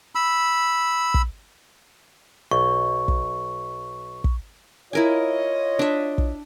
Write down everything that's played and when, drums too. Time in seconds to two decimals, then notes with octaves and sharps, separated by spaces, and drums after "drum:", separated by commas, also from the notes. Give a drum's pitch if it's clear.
0.15 B5 E6
1.14 drum: kick
2.51 B1 C#6
3.08 drum: kick
4.24 drum: kick
4.93 E4 F4 A#4 C#5 D#5 G#5
5.79 D4 E5
6.18 drum: kick